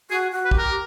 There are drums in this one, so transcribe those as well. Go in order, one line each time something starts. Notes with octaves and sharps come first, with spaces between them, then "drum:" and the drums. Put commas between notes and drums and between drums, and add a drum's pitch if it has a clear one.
F#4 G#4
F#4
B4
G4, drum: kick
A#4